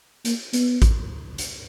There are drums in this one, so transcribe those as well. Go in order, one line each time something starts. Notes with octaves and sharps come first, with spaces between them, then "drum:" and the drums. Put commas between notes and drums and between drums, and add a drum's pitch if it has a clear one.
A#3, drum: hi-hat
B3, drum: hi-hat
drum: kick A1, hi-hat
drum: hi-hat